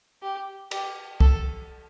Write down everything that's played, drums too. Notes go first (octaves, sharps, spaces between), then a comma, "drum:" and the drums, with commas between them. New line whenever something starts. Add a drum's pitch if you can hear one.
G4
G4, drum: cymbal
A4, drum: kick C2